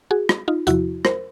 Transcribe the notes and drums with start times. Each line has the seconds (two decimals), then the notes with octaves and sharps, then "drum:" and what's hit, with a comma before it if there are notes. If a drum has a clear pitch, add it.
0.11 F#4 G#4
0.29 drum: rim click
0.48 D#4 F4
0.67 E2 C3 F3 E4 F#4, drum: hi-hat
1.05 A#4 C5, drum: rim click